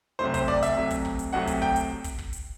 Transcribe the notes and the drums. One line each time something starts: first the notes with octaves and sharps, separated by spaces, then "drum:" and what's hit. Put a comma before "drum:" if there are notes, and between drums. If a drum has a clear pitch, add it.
C2 C3 F#3 A3 C5
C5, drum: kick, hi-hat
D5, drum: kick
E5, drum: hi-hat
C2 C3 F#3 A3
drum: kick, hi-hat
drum: kick
drum: hi-hat
C2 C3 F#3 A3 F#5
drum: kick, hi-hat
G5, drum: kick
drum: hi-hat
drum: kick, hi-hat
drum: kick
drum: hi-hat